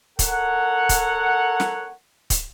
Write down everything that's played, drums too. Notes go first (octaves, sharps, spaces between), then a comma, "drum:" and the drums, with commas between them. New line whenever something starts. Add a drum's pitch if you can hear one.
A4 A#4 C#5 F#5, drum: kick, hi-hat
drum: kick, hi-hat
drum: snare
drum: kick, hi-hat